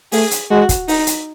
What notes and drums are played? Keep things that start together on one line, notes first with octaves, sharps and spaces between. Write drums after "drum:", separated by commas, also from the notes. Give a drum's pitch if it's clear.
A3 G#4, drum: open hi-hat
drum: hi-hat
G#3 F#4
drum: kick, hi-hat
D#4, drum: open hi-hat
drum: hi-hat